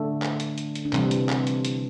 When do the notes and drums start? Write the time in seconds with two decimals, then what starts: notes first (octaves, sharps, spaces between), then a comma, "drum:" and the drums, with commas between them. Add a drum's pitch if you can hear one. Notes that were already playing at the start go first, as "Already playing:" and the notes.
Already playing: D3 A3 D4
0.22 drum: clap
0.40 drum: hi-hat
0.58 drum: hi-hat
0.75 drum: hi-hat
0.85 D4
0.93 C3 E3 G3 C4, drum: clap
1.11 drum: hi-hat
1.29 drum: clap
1.47 drum: hi-hat
1.65 drum: hi-hat